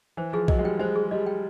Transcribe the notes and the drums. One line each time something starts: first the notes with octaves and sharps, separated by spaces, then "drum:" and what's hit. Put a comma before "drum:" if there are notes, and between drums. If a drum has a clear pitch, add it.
E3 C5
F3 G#4
F#3 D#5, drum: kick B1
G#3
G3 G5
G#3 C5
G#4
G3 D#5
G5